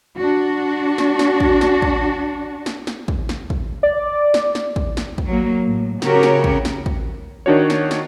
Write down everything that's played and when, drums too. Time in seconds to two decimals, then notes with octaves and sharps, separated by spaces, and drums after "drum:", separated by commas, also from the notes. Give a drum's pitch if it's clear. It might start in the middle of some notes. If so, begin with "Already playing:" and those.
0.17 D4 F#4
0.98 drum: snare
1.19 drum: snare
1.40 drum: kick
1.61 drum: snare
1.82 drum: kick
2.66 drum: snare
2.87 drum: snare
3.08 drum: kick
3.29 drum: snare
3.50 drum: kick
3.83 D5
4.34 drum: snare
4.55 drum: snare
4.76 drum: kick
4.97 drum: snare
5.18 drum: kick
5.28 F#3 A#3
5.65 A2
6.02 C#3 F#4 G4 A#4 C#5, drum: snare
6.23 drum: snare
6.44 drum: kick
6.65 drum: snare
6.86 drum: kick
7.46 D#3 D4 F#4 C#5
7.70 drum: snare
7.91 drum: snare